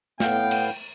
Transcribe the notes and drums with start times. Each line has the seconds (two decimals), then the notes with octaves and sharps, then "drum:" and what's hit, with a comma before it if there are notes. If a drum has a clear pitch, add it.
0.20 A2 B3 F5 G5, drum: snare
0.51 drum: cymbal